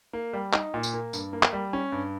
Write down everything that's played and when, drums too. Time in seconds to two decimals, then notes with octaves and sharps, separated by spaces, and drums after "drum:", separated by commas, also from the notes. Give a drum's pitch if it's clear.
0.13 A#3
0.33 G3
0.53 D#4, drum: clap
0.74 A#2
0.83 drum: tambourine
0.94 A#3
1.13 G2, drum: tambourine
1.33 A#3
1.43 drum: clap
1.53 G3
1.73 C#4
1.92 G2